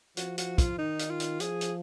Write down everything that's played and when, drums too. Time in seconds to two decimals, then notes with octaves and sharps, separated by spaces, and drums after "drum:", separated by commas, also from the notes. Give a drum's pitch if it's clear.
0.17 F3 F#4, drum: hi-hat
0.38 F#4, drum: hi-hat
0.58 F4, drum: kick, hi-hat
0.78 D#3 D#4
0.99 drum: hi-hat
1.10 F4
1.20 drum: hi-hat
1.40 F3 G#4, drum: hi-hat
1.61 drum: hi-hat